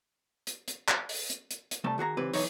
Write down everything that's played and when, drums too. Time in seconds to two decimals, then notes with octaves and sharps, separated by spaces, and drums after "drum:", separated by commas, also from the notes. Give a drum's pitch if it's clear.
0.47 drum: hi-hat
0.68 drum: hi-hat
0.88 drum: clap
1.09 drum: open hi-hat
1.30 drum: hi-hat
1.51 drum: hi-hat
1.71 drum: hi-hat
1.84 C3 G3 A3 A5
1.98 D#3 F#4 G#4 A#5
2.17 C#2 G#2 E3 C4 G4 B4
2.34 B1 E3 D#4 C#5, drum: open hi-hat